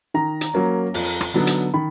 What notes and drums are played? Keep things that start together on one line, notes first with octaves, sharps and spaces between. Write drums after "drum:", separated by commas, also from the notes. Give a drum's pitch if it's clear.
D#3 A#5
drum: hi-hat
F#3 A#3 C#4
F2, drum: open hi-hat
drum: rim click
D3 F#3 B3 D#4
drum: hi-hat
D#3 B5